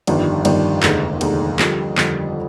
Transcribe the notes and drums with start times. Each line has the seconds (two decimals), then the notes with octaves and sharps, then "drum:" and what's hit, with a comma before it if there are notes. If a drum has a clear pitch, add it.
0.07 G1 F2 D#3 G3 D4, drum: cymbal
0.45 G1 F2 D#3 G3 D4, drum: cymbal
0.83 F1 D#2 D3 G#3 D#4, drum: clap
1.21 F1 D#2 D3 G#3 D#4, drum: cymbal
1.59 F2 D3 G3, drum: clap
1.98 F2 D3 G3, drum: clap